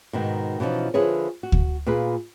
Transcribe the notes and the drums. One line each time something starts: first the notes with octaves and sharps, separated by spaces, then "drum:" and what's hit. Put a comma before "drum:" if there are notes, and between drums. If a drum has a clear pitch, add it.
G#2 B2 D#3
B2 E3 F3 C#4 D#4
D3 F3 E4 G#4 B4 C#5
F#4
drum: kick D2
A#2 F4 G#4 B4